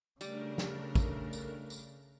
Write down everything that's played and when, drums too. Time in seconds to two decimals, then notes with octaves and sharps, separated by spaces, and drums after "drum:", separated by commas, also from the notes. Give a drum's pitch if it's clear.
0.21 C#3 G3 A3 D4 A#4, drum: tambourine
0.58 drum: snare
0.95 drum: kick, tambourine
1.33 drum: tambourine
1.70 drum: tambourine